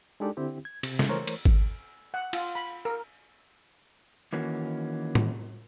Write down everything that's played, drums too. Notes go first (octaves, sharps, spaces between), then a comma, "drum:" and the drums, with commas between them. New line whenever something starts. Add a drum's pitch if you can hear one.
G#3 D4 D#4 G4 A4 D5
D3 C4 E4 G4
G#6
C3, drum: cymbal
drum: snare
E3 A3 A#4 C5 C#5
drum: cymbal
drum: kick G#1
F#5
F4, drum: cymbal
B5
A#4
D#3 E3 A#3 C#4 F#4
drum: tom